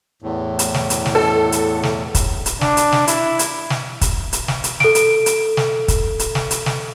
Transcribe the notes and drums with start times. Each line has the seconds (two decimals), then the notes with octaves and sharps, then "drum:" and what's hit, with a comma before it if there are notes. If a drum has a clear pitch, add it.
0.22 E2 A2
0.59 drum: hi-hat
0.74 drum: snare
0.90 drum: hi-hat
1.06 drum: snare
1.15 A4
1.52 drum: hi-hat
1.83 drum: snare
2.15 drum: kick, hi-hat
2.46 drum: hi-hat
2.61 D4, drum: snare
2.77 drum: hi-hat
2.92 drum: snare
3.08 E4, drum: hi-hat
3.39 drum: hi-hat
3.70 drum: snare
4.01 drum: kick, hi-hat
4.33 drum: hi-hat
4.48 drum: snare
4.64 drum: hi-hat
4.80 A4 D7, drum: snare
4.95 drum: hi-hat
5.26 drum: hi-hat
5.57 drum: snare
5.88 drum: kick, hi-hat
6.19 drum: hi-hat
6.35 drum: snare
6.51 drum: hi-hat
6.66 drum: snare